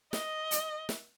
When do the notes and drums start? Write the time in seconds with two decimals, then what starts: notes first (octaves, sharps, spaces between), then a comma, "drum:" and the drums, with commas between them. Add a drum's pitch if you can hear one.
0.13 D#5, drum: snare
0.51 drum: hi-hat
0.89 drum: snare